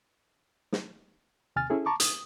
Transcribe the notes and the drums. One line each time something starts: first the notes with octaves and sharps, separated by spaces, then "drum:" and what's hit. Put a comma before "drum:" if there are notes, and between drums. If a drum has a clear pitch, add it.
drum: snare
D#2 C3 G#5 F6 A6
C#4 E4 G#4 A4
A5 A#5 C#6 D6
D#6, drum: hi-hat